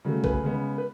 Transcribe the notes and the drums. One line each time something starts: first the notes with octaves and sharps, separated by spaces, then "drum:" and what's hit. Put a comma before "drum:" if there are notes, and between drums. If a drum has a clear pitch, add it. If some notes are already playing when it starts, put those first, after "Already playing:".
C#3 F#3 A3
G#4 B4, drum: kick B1
C#3 G#3 B3
B4